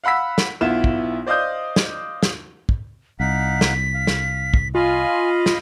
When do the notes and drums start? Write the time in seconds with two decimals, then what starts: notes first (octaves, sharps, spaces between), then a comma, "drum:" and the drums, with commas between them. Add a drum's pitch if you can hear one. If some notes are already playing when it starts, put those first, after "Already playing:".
0.04 F5 F#5 B5 E6 B6
0.38 drum: snare
0.61 B1 B3 E4 F4 E7
0.84 drum: kick
1.27 C5 D5 D#5 F5 D#6 G6
1.76 drum: snare
2.23 drum: snare
2.69 drum: kick
3.20 C2 D#4 F5 F#5 B6
3.61 drum: snare
3.94 F5
4.07 drum: snare
4.54 drum: kick
4.75 F4 D#5 F5 G#5 B5
5.46 drum: snare